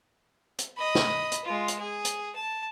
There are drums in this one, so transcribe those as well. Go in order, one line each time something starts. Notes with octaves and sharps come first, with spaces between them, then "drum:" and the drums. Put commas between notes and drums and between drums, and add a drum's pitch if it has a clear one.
drum: hi-hat
D#5 B5
drum: snare
drum: hi-hat
G#3 F4
drum: hi-hat
G#4
drum: hi-hat
A5